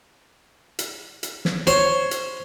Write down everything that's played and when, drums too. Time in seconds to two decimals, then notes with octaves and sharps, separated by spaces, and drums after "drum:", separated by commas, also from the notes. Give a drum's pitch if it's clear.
0.79 drum: hi-hat
1.23 drum: hi-hat
1.45 drum: snare
1.67 C5 C#5, drum: hi-hat
2.11 drum: hi-hat